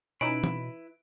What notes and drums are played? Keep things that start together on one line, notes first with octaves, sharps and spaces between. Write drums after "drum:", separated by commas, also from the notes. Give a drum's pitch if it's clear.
B2 C#4 D#4 E4 B4 B5 D7
drum: tom